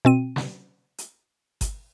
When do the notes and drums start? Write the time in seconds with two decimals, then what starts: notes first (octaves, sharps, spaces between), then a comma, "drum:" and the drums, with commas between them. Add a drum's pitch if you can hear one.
0.05 B2 C4 D#7
0.36 drum: snare
0.98 drum: hi-hat
1.61 drum: kick G1, hi-hat